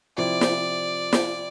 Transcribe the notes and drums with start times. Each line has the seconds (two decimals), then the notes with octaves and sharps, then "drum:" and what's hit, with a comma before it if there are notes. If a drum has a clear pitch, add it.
0.17 C3 F3 C4 E4 D5
0.41 drum: snare
1.13 drum: snare